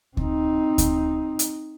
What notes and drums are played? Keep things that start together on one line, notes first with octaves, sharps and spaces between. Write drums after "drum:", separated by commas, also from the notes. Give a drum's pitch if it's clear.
C4 D#4, drum: kick D2
drum: kick D2, hi-hat
drum: hi-hat